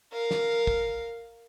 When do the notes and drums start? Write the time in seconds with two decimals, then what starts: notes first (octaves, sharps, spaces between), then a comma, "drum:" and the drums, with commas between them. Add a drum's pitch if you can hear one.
0.12 A#4 F5
0.31 drum: snare
0.67 drum: kick